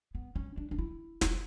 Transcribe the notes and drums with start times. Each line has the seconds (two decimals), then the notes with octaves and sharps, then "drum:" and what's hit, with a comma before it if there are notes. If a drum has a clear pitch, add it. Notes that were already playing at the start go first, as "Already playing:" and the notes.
0.15 B3
0.36 C#4
0.57 D4
0.71 D4
0.78 E4
1.21 drum: snare